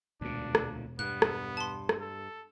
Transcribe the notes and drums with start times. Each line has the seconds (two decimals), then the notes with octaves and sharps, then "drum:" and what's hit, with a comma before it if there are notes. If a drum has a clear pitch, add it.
0.21 E1 D2 A#2 D4
0.55 drum: rim click
0.99 G2 B3 F#6
1.22 drum: rim click
1.57 A5 C6
1.89 drum: rim click
2.00 A4